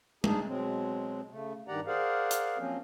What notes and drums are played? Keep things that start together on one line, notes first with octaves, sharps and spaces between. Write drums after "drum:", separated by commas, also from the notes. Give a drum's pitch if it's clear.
D4 D#4 G#4, drum: tom G#3
B2 F#3 G#3 C4
C#3 A3
G2 D#3 G4 D5 F#5 A#5
G#4 A#4 C5 D5 F5 F#5
drum: hi-hat
F3 F#3 A#3 C4 C#4